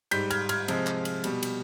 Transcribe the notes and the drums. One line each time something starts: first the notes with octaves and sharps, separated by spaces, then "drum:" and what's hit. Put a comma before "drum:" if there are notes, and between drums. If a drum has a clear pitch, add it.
G#2 G3 G6 B6, drum: cymbal
F6 G#6, drum: cymbal
F6 G#6, drum: cymbal
C3 F3 G#3, drum: cymbal
drum: clap
drum: cymbal
B2 G3, drum: cymbal
drum: cymbal